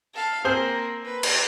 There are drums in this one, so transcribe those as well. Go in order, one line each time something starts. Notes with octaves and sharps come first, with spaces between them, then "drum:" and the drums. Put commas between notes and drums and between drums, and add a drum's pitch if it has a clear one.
A4 F5
A#3 C4 G#4 C5
B4
drum: cymbal